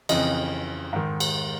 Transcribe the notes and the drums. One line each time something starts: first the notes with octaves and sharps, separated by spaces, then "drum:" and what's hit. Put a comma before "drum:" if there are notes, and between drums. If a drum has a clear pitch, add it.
F2 C#3 E3 D#5, drum: cymbal
G#2 D#3
drum: cymbal